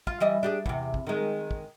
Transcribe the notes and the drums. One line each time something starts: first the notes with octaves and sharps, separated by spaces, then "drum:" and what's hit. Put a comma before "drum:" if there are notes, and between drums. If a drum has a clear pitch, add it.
F4, drum: kick
E3 G3 D#5
D4 G4 G#4
E2 C3, drum: kick
drum: kick
D#3 G#3
drum: kick